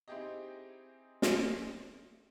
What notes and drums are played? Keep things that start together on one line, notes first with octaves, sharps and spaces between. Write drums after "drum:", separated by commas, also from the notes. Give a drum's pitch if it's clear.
C4 D#4 E4 G4 G#4 D#5
drum: snare